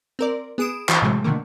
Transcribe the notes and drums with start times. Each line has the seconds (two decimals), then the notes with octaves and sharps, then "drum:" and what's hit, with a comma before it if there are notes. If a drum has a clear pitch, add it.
0.19 C4 A#4 D5
0.58 B3 G#4 D#6 D7 E7
0.89 E3 F#4 B5, drum: clap
1.02 A2 C3 E3 F#3 G#3 A3
1.24 B2 D3 D#3 F3 A3 A#3